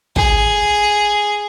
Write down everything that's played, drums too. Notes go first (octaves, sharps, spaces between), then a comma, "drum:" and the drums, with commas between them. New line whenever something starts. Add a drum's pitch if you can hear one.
G#4, drum: kick